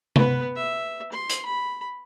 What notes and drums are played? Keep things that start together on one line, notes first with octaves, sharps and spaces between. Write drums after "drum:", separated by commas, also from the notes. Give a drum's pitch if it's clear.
B3 B4, drum: tom C3
E5
C6
drum: hi-hat
B5